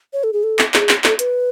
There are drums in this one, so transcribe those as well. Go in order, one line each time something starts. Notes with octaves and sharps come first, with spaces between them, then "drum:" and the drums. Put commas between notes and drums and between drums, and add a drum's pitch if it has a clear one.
C#5
A4
G#4
A4
drum: clap
G#4, drum: clap
drum: clap
A4, drum: clap
B4, drum: hi-hat